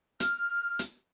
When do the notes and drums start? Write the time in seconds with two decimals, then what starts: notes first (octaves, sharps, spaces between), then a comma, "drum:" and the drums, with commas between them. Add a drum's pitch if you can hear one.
0.20 F6, drum: hi-hat
0.79 drum: hi-hat